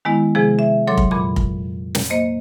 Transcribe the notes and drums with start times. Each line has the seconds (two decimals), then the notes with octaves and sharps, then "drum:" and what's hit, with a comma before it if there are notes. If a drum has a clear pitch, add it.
0.05 D#3 G#3 B3 E4
0.35 C3 F3 G#3 G#4
0.59 E5
0.87 F#3 A4 C#5 C6 D6
0.98 drum: kick F1
1.11 F2 A#2 B5 D6
1.36 drum: kick F1
1.95 drum: snare
2.10 A#3 C5 D#5